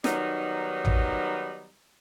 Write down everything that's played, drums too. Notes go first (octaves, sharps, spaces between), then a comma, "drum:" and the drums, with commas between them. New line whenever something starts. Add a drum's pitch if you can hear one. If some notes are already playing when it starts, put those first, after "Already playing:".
D#3 F#3 G3 B3 D#4, drum: snare
drum: tom A1